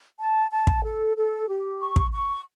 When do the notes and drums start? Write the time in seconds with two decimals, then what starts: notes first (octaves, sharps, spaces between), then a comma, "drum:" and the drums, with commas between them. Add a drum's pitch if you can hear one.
0.19 A5
0.50 A5
0.67 drum: kick
0.83 A4
1.15 A4
1.47 G4
1.80 C#6
1.96 drum: kick
2.12 C#6